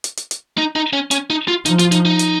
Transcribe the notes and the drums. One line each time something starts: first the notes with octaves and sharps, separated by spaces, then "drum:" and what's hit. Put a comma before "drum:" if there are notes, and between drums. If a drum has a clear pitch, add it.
drum: hi-hat
drum: hi-hat
drum: hi-hat
D#4
D#4
C#4
C#4, drum: hi-hat
D#4
F4
F3 D#4, drum: hi-hat
F4, drum: hi-hat
D#4, drum: hi-hat
D#4
drum: hi-hat